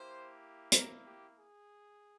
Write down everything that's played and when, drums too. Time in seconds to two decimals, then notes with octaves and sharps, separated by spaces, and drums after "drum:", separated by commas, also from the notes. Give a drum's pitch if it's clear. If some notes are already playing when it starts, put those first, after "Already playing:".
Already playing: A#3 E4 G4 C5
0.72 A#4, drum: hi-hat
1.04 G4
1.37 G#4